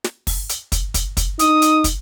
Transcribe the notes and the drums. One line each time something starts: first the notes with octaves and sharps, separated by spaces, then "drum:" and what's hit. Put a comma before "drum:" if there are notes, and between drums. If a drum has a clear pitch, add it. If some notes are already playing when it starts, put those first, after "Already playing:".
drum: snare
drum: kick, open hi-hat
drum: hi-hat
drum: kick, hi-hat
drum: kick, hi-hat
drum: kick, hi-hat
D#4 D#6, drum: hi-hat
drum: hi-hat
drum: kick, hi-hat